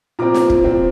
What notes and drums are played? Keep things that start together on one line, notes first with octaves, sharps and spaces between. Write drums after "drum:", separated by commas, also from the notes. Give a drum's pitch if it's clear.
A#2 F3 C4 A#5 D6
drum: snare
drum: kick
A#2 F3 C4